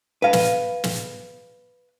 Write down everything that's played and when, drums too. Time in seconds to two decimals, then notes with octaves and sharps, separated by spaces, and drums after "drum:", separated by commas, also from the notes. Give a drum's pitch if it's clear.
0.22 B4 F5
0.33 drum: snare
0.84 drum: snare